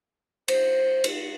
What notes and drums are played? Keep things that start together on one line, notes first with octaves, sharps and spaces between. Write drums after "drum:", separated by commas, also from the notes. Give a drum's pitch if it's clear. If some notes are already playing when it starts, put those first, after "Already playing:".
C5, drum: cymbal
drum: cymbal